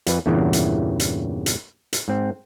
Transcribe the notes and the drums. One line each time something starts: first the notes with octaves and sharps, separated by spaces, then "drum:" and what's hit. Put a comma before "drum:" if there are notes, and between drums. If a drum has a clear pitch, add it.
F2 B4, drum: hi-hat
E2 G2 A#2 C#3 E3
drum: hi-hat
drum: hi-hat
drum: hi-hat
drum: hi-hat
G#2 C4